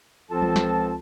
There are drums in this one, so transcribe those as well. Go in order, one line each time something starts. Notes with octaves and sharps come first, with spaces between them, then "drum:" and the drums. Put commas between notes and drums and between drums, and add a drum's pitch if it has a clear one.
C#2 F3 C4 F4 A4 A5
drum: tom E3
drum: snare